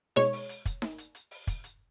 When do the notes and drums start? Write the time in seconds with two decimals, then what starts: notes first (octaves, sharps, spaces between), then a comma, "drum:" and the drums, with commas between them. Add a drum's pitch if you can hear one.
0.16 B2 G#3 C#5, drum: snare D#4
0.33 drum: open hi-hat
0.49 drum: hi-hat
0.66 drum: kick, hi-hat
0.82 drum: snare D#4
0.98 drum: hi-hat
1.15 drum: hi-hat
1.31 drum: open hi-hat
1.47 drum: kick, hi-hat
1.64 drum: hi-hat